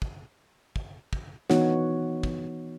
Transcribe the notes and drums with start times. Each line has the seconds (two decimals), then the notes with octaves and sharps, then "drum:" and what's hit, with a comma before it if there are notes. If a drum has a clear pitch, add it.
0.02 drum: kick
0.76 drum: kick
1.13 drum: kick
1.50 E3 B3 D#4 F#4 C#5 F#5, drum: snare
2.23 drum: kick